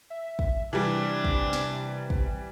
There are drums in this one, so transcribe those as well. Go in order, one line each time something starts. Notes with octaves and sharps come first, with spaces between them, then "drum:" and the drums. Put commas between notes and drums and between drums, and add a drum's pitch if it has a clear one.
E5
drum: kick
C3 E3 G3 D4
drum: kick
drum: snare
drum: kick